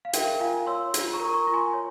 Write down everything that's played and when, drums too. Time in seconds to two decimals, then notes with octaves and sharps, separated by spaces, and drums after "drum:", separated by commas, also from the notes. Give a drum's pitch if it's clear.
0.05 F5
0.13 A#4 E5 G5, drum: hi-hat
0.40 F4 F5 G#5
0.66 C#5 C6 E6
0.94 F4, drum: hi-hat
1.13 A#5 C#6
1.20 A#4
1.33 A#5 C#6
1.47 F4
1.54 G#5 C6
1.73 C#5